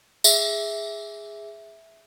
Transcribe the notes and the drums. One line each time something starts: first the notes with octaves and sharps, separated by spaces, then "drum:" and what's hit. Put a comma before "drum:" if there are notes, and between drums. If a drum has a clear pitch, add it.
G#4 E5, drum: tambourine